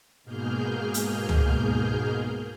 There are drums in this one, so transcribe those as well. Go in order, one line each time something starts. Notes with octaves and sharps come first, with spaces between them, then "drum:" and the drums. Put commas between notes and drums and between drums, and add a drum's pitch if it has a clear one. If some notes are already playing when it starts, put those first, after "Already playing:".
G#2 B2 A#3 G#4 F6 G6
drum: hi-hat
drum: tom C#2